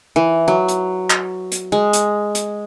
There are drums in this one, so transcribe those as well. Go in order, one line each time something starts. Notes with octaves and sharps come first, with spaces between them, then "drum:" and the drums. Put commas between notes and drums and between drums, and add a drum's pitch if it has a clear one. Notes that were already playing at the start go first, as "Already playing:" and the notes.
E3
F#3
drum: hi-hat
drum: clap
drum: hi-hat
G#3
drum: hi-hat
drum: hi-hat